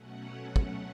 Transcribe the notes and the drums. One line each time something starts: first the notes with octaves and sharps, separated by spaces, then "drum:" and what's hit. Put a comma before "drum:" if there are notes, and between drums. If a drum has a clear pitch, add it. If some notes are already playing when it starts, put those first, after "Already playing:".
Already playing: B2 F#3 A3 C#4 F#5
drum: kick